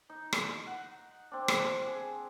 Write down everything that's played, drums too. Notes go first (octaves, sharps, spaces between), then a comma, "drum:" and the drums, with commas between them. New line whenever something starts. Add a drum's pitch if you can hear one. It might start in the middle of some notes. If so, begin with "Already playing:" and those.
D#4
drum: rim click
F#5
C4 D4
drum: rim click
G#4